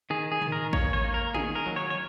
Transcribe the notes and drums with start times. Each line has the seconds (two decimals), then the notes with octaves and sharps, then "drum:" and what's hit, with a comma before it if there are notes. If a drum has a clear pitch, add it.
0.10 D#3 G#4
0.32 G#4
0.42 D#3, drum: tom
0.52 A#4
0.73 A#3 C#5, drum: kick A1
0.93 C#5
1.04 A#3
1.14 A#4
1.35 D#3 G#4, drum: tom
1.55 A#4
1.66 F#3
1.76 C#5
1.90 C#5